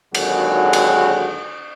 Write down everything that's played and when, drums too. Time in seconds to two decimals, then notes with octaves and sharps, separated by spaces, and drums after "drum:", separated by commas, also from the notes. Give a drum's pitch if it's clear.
0.15 G#1 D#2 D3 F#3 F#4 G#4, drum: cymbal
0.73 drum: cymbal